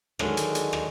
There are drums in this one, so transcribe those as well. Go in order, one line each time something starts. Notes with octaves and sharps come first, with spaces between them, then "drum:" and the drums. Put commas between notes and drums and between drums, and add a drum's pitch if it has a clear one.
D3 D#3 F#3 G#3 G#4, drum: rim click
drum: hi-hat
drum: hi-hat
drum: rim click